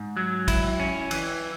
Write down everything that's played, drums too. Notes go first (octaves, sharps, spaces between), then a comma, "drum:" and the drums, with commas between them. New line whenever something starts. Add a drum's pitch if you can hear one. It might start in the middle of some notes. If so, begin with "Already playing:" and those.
Already playing: G#2
F#3
E4, drum: kick, cymbal
C#4
E3, drum: cymbal